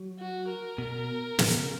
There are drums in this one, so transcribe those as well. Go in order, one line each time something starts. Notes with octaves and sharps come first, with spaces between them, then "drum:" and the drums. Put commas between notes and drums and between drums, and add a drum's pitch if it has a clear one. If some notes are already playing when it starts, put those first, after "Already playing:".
Already playing: F#3
F#4
A#4
B2
C#3, drum: snare